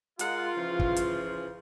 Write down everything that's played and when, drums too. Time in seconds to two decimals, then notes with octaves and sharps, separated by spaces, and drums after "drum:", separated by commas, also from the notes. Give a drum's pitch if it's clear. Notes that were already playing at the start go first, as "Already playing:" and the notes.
0.19 G#3 F4 A#4 F#5, drum: hi-hat
0.56 C#3 E3 F3
0.79 drum: kick
0.96 drum: hi-hat